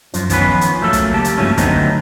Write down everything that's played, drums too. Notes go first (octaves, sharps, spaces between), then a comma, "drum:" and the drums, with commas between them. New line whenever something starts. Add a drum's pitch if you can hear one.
F#2 F3, drum: hi-hat
D#3 F3 B3 C#4 B4, drum: kick, hi-hat
drum: hi-hat
F#3 A3 A#3 A4
drum: kick, hi-hat
C#2 A#3 G4 A5
drum: hi-hat
G2 F3 F#3 A3 C#4
D3 F#3 A3 B3 C4 D#4, drum: kick, hi-hat